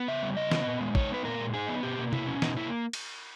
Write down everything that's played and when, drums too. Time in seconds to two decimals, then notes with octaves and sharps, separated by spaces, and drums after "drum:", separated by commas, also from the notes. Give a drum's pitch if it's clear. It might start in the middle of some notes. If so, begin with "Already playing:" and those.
Already playing: B3
0.08 C#3 E5
0.23 G3
0.37 C#3 D#5
0.51 B3, drum: snare
0.67 A#2
0.81 G#3
0.95 D#4 C#5, drum: kick
1.11 B3 B4
1.25 A#2 A#4
1.39 G#3
1.53 D#4 G#4
1.69 B3
1.83 B2 G4
1.99 A#3
2.13 B2 E4, drum: tom C3
2.27 C#4
2.42 B2 D#4, drum: snare
2.57 A#3 E4
2.93 drum: cymbal